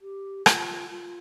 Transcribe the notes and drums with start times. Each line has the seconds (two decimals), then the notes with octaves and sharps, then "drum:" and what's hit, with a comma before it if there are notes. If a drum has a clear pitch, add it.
0.02 G4
0.46 F4, drum: rim click
0.90 F4